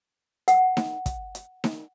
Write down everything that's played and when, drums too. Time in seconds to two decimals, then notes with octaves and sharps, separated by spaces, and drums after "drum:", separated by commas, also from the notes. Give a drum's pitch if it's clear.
0.48 F#5, drum: hi-hat
0.77 drum: snare D#4
1.06 drum: kick, hi-hat
1.35 drum: hi-hat
1.64 drum: snare D#4